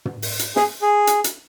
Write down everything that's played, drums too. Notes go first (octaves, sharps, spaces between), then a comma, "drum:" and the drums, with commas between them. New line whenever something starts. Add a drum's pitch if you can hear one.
drum: tom
drum: open hi-hat
drum: hi-hat
G#4, drum: snare
G#4
drum: hi-hat
drum: hi-hat